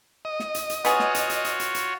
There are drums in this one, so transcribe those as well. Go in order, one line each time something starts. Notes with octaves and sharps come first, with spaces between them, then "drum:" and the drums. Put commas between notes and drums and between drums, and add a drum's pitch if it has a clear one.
D#5
drum: snare
drum: hi-hat
drum: hi-hat
B3 F4 F#4 G#4 C#5, drum: hi-hat
drum: snare
drum: hi-hat
drum: hi-hat
drum: hi-hat
drum: hi-hat
drum: hi-hat